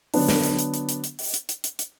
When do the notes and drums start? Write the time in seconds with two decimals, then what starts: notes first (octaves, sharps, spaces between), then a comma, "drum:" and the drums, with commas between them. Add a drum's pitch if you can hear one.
0.14 D3 F#3 B3 D4, drum: open hi-hat
0.28 drum: snare
0.44 drum: hi-hat
0.59 drum: hi-hat
0.74 drum: hi-hat
0.89 drum: hi-hat
1.04 drum: hi-hat
1.19 drum: open hi-hat
1.34 drum: hi-hat
1.49 drum: hi-hat
1.64 drum: hi-hat
1.79 drum: hi-hat